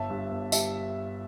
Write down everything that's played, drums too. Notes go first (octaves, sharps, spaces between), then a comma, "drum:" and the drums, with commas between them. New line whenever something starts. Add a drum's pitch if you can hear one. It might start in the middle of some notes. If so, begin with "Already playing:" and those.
Already playing: G1 E5 A5
G2
G1
G3 E5 A5, drum: tambourine